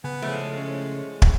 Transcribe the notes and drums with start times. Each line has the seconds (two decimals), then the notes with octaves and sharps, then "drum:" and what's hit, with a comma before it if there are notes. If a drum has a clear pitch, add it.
0.04 C#3 B3 G#5
0.22 A2 F3 G#3 A3
0.56 C#4
1.22 drum: kick